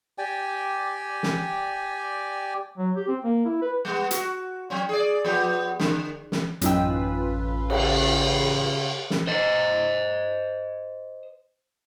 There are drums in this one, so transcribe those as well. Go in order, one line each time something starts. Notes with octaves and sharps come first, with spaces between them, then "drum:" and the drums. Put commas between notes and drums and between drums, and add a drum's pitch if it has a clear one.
G4 D5 G5 G#5
drum: snare
F#3
G4
C4
A#3
E4
B4
G3 B3
F#4, drum: hi-hat
F#3 C4 C#4
G#4 D5
F3 B3 G4
D3, drum: snare
drum: snare
A1 F#2 C#4 D#4 F4 B4 G5 E6, drum: hi-hat
C#3, drum: cymbal
drum: snare
C5 D#5